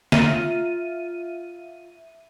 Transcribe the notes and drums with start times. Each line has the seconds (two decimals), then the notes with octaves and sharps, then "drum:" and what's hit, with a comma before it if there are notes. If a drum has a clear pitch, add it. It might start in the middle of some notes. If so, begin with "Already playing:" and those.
0.12 F4 E5 A#5 D#7, drum: snare